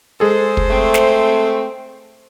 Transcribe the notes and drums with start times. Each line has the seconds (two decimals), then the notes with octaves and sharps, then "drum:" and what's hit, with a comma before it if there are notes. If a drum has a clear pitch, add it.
0.20 G#3 G#4 A4 C5
0.57 drum: kick
0.71 A3 C4
0.94 drum: snare